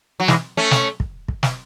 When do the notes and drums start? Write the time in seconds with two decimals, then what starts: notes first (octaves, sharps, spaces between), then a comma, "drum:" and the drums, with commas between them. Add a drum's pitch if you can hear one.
0.20 F#3
0.28 E3 G#3, drum: snare
0.57 A3 C#4
0.71 drum: snare
1.00 drum: kick
1.28 drum: kick
1.43 drum: snare